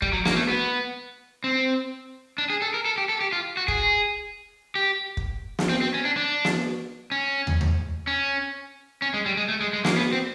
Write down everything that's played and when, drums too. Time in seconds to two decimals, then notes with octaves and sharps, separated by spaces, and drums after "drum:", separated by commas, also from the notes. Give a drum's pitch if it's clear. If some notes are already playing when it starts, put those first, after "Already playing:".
0.02 G3, drum: kick
0.13 F#3
0.25 A#3, drum: snare
0.36 A3
0.49 B3
1.44 C4
2.38 D4
2.50 G#4
2.62 A4
2.74 A#4
2.85 A4
2.98 G4
3.09 A4
3.21 G4
3.32 F4
3.57 F#4
3.68 G#4, drum: kick
4.75 G4
5.17 drum: kick
5.59 drum: snare
5.69 C4
5.81 C4
5.94 C#4
6.05 D4
6.17 D4
6.45 drum: snare
7.11 C#4
7.47 drum: tom
7.61 drum: tom
8.07 C#4
9.02 C#4
9.14 G#3
9.26 G3
9.37 G#3
9.49 A3
9.61 G#3
9.73 G#3
9.85 A#3, drum: snare
9.96 B3
10.13 C4